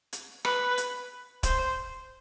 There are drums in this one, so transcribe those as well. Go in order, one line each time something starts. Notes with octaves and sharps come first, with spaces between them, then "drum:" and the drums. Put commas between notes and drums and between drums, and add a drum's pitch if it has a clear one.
drum: hi-hat
B4, drum: rim click
drum: hi-hat
C5, drum: kick D1, hi-hat